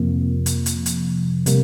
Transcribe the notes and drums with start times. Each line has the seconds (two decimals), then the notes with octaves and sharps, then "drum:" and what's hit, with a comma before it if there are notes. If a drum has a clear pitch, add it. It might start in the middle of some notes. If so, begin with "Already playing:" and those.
Already playing: F2 C3 F3 A#3
0.46 drum: hi-hat
0.66 drum: hi-hat
0.86 drum: hi-hat
1.46 C3 G3 A#3, drum: hi-hat